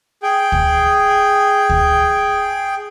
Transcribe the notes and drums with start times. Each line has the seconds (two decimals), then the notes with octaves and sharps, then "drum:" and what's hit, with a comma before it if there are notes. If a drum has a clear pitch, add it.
0.23 G#4 G5
0.52 drum: kick
1.69 drum: kick